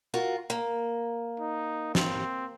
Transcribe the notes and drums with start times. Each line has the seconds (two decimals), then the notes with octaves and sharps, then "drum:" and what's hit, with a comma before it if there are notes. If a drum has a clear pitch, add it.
0.14 F4 F#4 A#4
0.50 A#3
1.40 D#4
1.95 C4, drum: snare